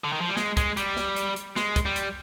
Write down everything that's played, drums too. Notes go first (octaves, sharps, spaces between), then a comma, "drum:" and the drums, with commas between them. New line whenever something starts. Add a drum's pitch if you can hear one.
D3
D#3
F3
G3
G#3, drum: snare
G#3, drum: kick, hi-hat
G3, drum: hi-hat
drum: snare
drum: hi-hat
drum: hi-hat
G#3, drum: snare
drum: kick, hi-hat
G3
drum: hi-hat